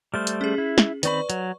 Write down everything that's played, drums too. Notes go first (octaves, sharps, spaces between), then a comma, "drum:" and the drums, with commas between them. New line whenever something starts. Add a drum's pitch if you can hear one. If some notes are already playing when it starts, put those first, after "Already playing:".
G3 A3 C5 F6
drum: hi-hat
C#4 G#4
E4
drum: snare
D#3 C4 B4 D5 B5 C#6, drum: hi-hat
F#3, drum: hi-hat